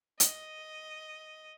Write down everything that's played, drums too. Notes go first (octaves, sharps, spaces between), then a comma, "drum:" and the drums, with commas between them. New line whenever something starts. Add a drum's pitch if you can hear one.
D#5, drum: hi-hat